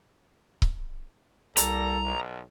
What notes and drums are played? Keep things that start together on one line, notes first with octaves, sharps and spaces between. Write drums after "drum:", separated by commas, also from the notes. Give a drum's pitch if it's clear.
drum: kick C#1
C2 G3 A#3 A4 A#5, drum: hi-hat
B1